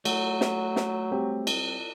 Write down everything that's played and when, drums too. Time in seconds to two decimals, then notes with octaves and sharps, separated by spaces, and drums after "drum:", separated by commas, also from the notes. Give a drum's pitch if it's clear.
0.05 F#3 A3, drum: cymbal
0.41 drum: snare
0.76 drum: snare
1.11 G3 C4 G4
1.47 drum: cymbal